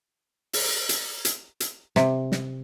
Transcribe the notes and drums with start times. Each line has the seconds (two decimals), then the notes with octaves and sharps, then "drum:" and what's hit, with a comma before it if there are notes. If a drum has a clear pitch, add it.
0.53 drum: open hi-hat
0.89 drum: hi-hat
1.25 drum: hi-hat
1.60 drum: hi-hat
1.96 C3, drum: snare
2.32 drum: snare